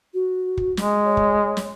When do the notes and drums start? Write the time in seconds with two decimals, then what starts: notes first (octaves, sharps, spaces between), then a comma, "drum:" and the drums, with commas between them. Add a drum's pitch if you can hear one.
0.14 F#4
0.57 drum: kick
0.77 G#3, drum: snare
1.05 C#5
1.17 drum: kick
1.57 drum: snare